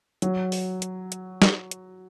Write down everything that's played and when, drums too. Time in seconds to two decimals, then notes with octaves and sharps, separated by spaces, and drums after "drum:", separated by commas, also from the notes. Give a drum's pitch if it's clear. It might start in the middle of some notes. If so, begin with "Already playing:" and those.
0.22 F#3, drum: hi-hat
0.52 drum: open hi-hat
0.82 drum: hi-hat
1.12 drum: hi-hat
1.42 drum: snare
1.71 drum: hi-hat